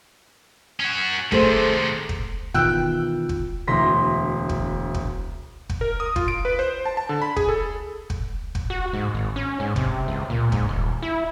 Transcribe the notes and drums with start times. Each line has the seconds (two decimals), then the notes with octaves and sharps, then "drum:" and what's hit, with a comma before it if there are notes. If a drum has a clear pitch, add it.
0.80 C#4 F#4
1.32 C3 D#3 A3 G#4 C5, drum: kick
2.09 drum: kick
2.54 B2 D#3 E3 F4 G5 E6 F#6, drum: kick
3.29 drum: kick
3.68 E1 D2 E4 C6 A#6 B6
4.49 drum: kick
4.94 drum: kick
5.69 drum: kick
5.81 A#4
6.00 D#6
6.16 F4, drum: kick
6.28 D7
6.45 B4
6.59 C5
6.86 A5
6.97 A5
7.09 D3
7.22 B5
7.36 G#4, drum: kick
7.49 A4
8.10 drum: kick
8.55 drum: kick
8.70 F#4
8.93 G#2
9.15 G#1
9.36 C#4
9.60 G#2
9.76 C3, drum: kick
10.08 C#2
10.30 A#2
10.52 G#2, drum: kick
10.69 D#1
11.02 E4